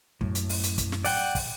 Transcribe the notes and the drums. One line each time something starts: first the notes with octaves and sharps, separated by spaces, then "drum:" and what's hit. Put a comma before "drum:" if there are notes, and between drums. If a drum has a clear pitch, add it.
F#2 A2, drum: kick
drum: hi-hat
drum: open hi-hat
drum: hi-hat
drum: kick, hi-hat
drum: snare
D5 F#5 G5, drum: open hi-hat
drum: kick, open hi-hat